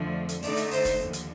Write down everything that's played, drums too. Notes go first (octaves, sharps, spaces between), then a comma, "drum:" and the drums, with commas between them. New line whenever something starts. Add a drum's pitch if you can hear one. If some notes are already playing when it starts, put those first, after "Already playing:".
Already playing: F2 D3 F3 A3
drum: hi-hat
D3 A3 D#4 D5, drum: open hi-hat
drum: hi-hat
C5, drum: open hi-hat
drum: kick, hi-hat
D#2 D3 F3
drum: hi-hat